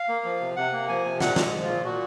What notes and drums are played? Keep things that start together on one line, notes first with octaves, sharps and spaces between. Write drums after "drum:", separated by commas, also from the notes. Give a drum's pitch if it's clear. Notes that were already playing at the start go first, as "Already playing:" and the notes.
Already playing: F5
A#3
F3
C3
C3 F#5
A#3
F3 G#5
C3
A#2 F#5, drum: snare
G#3, drum: snare
F3
A#2 F4
A#2 F#4